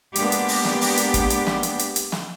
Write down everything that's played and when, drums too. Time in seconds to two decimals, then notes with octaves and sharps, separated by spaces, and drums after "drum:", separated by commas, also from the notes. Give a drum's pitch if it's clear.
0.16 G#3 A#3 B3 D4 G4, drum: hi-hat
0.32 drum: hi-hat
0.48 drum: open hi-hat
0.65 drum: snare
0.81 drum: open hi-hat
0.97 drum: hi-hat
1.14 drum: kick, hi-hat
1.30 drum: hi-hat
1.47 drum: snare
1.63 drum: hi-hat
1.79 drum: hi-hat
1.96 drum: hi-hat
2.12 drum: snare